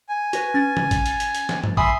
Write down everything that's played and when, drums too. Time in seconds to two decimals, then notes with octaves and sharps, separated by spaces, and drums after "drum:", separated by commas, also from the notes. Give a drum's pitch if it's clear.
0.09 G#5
0.33 F#4 B4, drum: hi-hat
0.54 C#4 A6
0.77 drum: tom
0.91 drum: kick, hi-hat
1.06 drum: hi-hat
1.20 drum: hi-hat
1.35 drum: hi-hat
1.49 drum: snare
1.64 drum: tom G2
1.77 E5 G#5 B5 C6 D#6, drum: kick